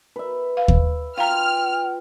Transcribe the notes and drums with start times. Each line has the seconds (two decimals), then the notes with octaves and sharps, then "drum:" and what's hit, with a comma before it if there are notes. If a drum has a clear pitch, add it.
0.16 B4 E5
0.57 F5
0.68 drum: kick D#2
1.18 F4 F5 G5 A#5 F6